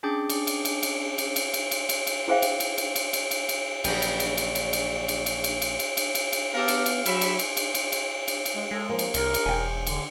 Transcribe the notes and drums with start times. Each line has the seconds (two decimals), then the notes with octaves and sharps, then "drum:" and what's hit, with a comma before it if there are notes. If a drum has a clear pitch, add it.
0.03 C#4 D4 G#4 G5 D6 G6
0.29 drum: cymbal
0.47 drum: cymbal
0.65 drum: cymbal
0.83 drum: cymbal
1.18 drum: cymbal
1.36 drum: cymbal
1.54 drum: cymbal
1.71 drum: cymbal
1.89 drum: cymbal
2.07 drum: cymbal
2.28 E4 G#4 C5 E5 F5 G5
2.42 drum: cymbal
2.60 drum: cymbal
2.78 drum: cymbal
2.96 drum: cymbal
3.13 drum: cymbal
3.31 drum: cymbal
3.49 drum: cymbal
3.84 A#1 C#3 F#3 G4 G#4 B4 D5, drum: cymbal
4.02 drum: cymbal
4.20 drum: cymbal
4.37 drum: cymbal
4.55 drum: cymbal
4.73 drum: cymbal
5.08 drum: cymbal
5.26 drum: cymbal
5.44 drum: cymbal
5.62 drum: cymbal
5.79 drum: cymbal
5.97 drum: cymbal
6.15 drum: cymbal
6.33 drum: cymbal
6.54 B3 G4 A4 A#4 F5 F6
6.68 drum: cymbal
6.86 drum: cymbal
7.06 F#3 C4 C#4 E5 B5, drum: cymbal
7.21 drum: cymbal
7.39 drum: cymbal
7.57 drum: cymbal
7.75 drum: cymbal
7.92 drum: cymbal
8.28 drum: cymbal
8.45 drum: cymbal
8.55 G#3
8.71 G#3 A4
8.89 F3 A#3
8.99 drum: cymbal
9.14 C2 A#4, drum: cymbal
9.34 drum: cymbal
9.46 E1 G5 G#5
9.87 D3, drum: cymbal